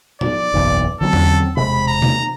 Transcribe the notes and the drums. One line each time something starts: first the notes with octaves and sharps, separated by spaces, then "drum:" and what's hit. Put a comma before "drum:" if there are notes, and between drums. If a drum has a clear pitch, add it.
D5, drum: tom A2
F#1 B1 E2
D3 F#3 C4 A4
drum: tom E2
E1 C3 G#3 B5
A#5
drum: tom C3